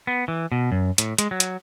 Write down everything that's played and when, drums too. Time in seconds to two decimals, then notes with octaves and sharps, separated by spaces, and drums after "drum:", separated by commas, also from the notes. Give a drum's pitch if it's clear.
0.07 B3
0.28 E3
0.52 B2
0.72 F#2
0.98 A2, drum: hi-hat
1.18 G#3, drum: hi-hat
1.31 F#3
1.40 drum: hi-hat